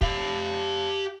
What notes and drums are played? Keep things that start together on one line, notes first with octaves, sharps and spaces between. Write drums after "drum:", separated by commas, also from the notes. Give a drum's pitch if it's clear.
G4 F5, drum: kick